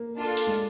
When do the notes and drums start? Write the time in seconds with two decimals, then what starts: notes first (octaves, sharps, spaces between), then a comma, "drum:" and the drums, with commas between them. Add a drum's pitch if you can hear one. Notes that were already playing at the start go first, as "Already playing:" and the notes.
Already playing: A#3
0.17 D4 F4 A4
0.37 drum: open hi-hat
0.47 G#3